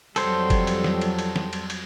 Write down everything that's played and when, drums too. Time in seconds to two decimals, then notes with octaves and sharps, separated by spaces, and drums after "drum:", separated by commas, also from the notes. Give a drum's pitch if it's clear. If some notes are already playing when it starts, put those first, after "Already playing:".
0.16 F2 F#3 G3 A4 C5, drum: cymbal
0.50 drum: kick F#1, cymbal
0.67 drum: cymbal
0.84 drum: snare
1.01 drum: cymbal
1.19 drum: cymbal
1.36 drum: snare
1.53 drum: cymbal
1.70 drum: cymbal